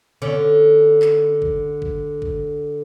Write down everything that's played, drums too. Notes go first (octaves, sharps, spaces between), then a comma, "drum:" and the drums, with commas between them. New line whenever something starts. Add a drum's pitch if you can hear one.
D3 C#4
drum: clap
drum: kick
drum: kick
drum: kick